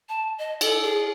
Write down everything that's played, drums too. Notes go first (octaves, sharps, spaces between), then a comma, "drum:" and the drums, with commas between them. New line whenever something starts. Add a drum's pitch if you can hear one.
A5
D#5
A4, drum: cymbal
G#4